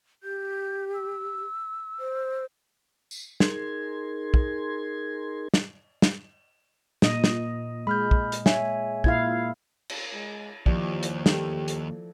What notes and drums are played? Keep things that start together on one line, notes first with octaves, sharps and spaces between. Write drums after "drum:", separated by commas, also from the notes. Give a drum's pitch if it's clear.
G4 G6
E6
C5
drum: tambourine
D#4 G#4 A#4 C6 G#6, drum: snare
drum: kick
drum: snare
drum: snare
A#2 D#5, drum: snare
drum: snare
G#3 B5 F6 G6
drum: kick
drum: hi-hat
C#5 E5 G#5, drum: snare
A#2 E4 F5 G#6, drum: kick
drum: cymbal
G#3
D#2 F3 E4 G4 D5, drum: kick
drum: hi-hat
G4 A4, drum: snare
drum: hi-hat